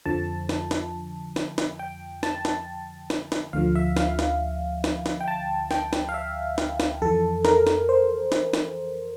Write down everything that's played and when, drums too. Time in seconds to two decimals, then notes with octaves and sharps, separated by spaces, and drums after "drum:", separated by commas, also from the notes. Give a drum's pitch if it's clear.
0.06 F2 D3 F3 A5
0.49 drum: snare
0.71 drum: snare
1.36 drum: snare
1.58 drum: snare
1.79 G5
2.23 A5, drum: snare
2.45 drum: snare
3.10 drum: snare
3.32 drum: snare
3.53 D2 D3 F3 F5
3.75 E5
3.96 F5, drum: snare
4.19 drum: snare
4.84 drum: snare
5.06 drum: snare
5.20 G5
5.28 A5
5.71 G5, drum: snare
5.93 drum: snare
6.09 F5
6.14 E5
6.58 drum: snare
6.80 drum: snare
7.02 F2 E3 A4
7.45 A#4, drum: snare
7.67 drum: snare
7.89 C5
8.32 drum: snare
8.53 drum: snare